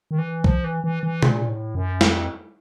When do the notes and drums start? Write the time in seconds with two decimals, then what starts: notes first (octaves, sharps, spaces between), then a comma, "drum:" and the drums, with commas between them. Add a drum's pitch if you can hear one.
0.11 D#3
0.18 E3
0.44 F3, drum: kick C2
0.64 E3
0.84 E3
1.03 E3
1.23 A#2, drum: tom B2
1.49 A2
1.75 F#2
2.01 F2, drum: snare